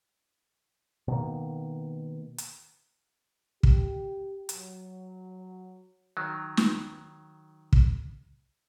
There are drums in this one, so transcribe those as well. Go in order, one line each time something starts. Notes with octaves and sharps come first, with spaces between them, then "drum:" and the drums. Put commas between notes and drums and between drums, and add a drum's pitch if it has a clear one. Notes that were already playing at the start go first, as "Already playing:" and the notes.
B2 D#3 A#3
drum: hi-hat
G4, drum: kick
F#3, drum: hi-hat
D#3 F#3
drum: snare
drum: kick